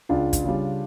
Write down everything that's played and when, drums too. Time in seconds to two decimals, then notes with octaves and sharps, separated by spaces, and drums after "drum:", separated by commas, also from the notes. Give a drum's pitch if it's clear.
0.09 C#2 D4 F4
0.33 drum: kick, hi-hat
0.44 C#3 G3